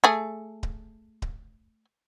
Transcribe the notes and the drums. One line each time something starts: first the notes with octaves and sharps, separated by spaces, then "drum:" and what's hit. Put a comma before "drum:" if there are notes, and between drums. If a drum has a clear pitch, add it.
A3 G#4
drum: kick D1
drum: kick D1